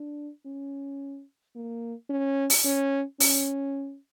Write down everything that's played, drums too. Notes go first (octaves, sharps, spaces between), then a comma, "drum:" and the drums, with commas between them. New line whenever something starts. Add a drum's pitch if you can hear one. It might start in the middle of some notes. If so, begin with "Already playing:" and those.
Already playing: D4
C#4
A#3
C#4
drum: open hi-hat
C#4
C#4, drum: open hi-hat